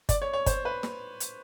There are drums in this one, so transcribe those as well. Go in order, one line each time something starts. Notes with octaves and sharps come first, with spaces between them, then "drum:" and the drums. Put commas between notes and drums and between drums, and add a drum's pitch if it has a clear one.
D5, drum: kick G1, hi-hat
C#5
C#5
C5, drum: kick G1, hi-hat
B4
drum: snare
drum: hi-hat